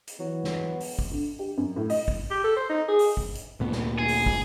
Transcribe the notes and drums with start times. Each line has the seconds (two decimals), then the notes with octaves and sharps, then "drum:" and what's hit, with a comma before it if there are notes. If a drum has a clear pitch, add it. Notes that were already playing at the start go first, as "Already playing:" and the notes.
0.08 drum: hi-hat
0.19 E3 F#3 B3
0.44 drum: snare
0.80 drum: open hi-hat
0.99 drum: kick
1.11 D3
1.39 G4
1.57 F#2
1.76 A2
1.90 D#5, drum: open hi-hat
2.08 drum: kick
2.31 G4
2.44 A4
2.56 C5
2.70 D#4
2.88 G#4
2.99 drum: open hi-hat
3.17 drum: kick
3.35 drum: hi-hat
3.60 D2 A#2 B3
3.72 drum: snare
3.99 G#4
4.08 drum: open hi-hat
4.26 drum: kick